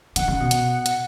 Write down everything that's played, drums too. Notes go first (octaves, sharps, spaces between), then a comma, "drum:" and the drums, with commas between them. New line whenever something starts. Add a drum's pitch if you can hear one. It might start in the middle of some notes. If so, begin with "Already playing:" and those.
D#3 F#5, drum: hi-hat
C#3
F#5
B2
drum: hi-hat
drum: hi-hat